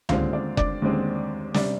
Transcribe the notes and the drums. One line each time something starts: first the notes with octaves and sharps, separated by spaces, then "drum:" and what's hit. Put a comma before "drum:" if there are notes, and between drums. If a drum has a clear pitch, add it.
D#2 D3 G#3 C4 F4 F5, drum: tom C#2
D4 D5
D4 D5, drum: kick F1
D#2 D3 G#3 C4
C3 G3 D4 D5, drum: snare